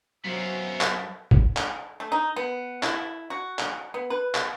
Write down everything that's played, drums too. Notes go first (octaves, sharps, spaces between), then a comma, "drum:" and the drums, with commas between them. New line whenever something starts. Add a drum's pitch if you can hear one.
F#2 B3 F4 C5 E5
drum: clap
drum: kick
drum: clap
A3
D#4
B3
E4, drum: clap
F#4
drum: clap
B3
B4
drum: clap